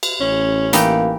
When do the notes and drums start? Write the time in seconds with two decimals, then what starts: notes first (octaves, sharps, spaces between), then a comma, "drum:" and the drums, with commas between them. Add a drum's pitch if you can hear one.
0.03 drum: cymbal
0.20 A1 C#4
0.73 E3 A#3 D#4 G4, drum: hi-hat